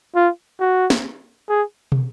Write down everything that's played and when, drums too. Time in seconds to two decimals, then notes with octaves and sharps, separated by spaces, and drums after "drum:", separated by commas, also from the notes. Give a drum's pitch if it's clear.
0.15 F4
0.60 F#4
0.90 drum: snare
1.49 G#4
1.92 drum: tom